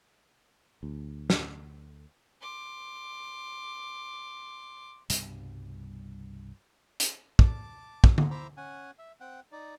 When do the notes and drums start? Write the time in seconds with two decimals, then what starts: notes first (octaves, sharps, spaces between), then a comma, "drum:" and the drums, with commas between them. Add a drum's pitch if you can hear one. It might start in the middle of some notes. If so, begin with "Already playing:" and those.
0.83 D2
1.30 drum: snare
2.41 C6 D6
5.10 C2 G2 B2 G3, drum: hi-hat
7.00 drum: hi-hat
7.39 A5 D6, drum: kick
8.04 drum: kick
8.18 drum: tom D3
8.31 E4 C5 E5 A#5 D6 E6
8.57 C#4 F#5 G#5
8.99 E5
9.21 C4 F#5 G5
9.52 D#4 D5